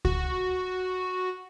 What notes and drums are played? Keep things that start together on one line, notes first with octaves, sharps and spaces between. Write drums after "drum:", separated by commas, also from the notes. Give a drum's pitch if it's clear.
F#4, drum: kick C#2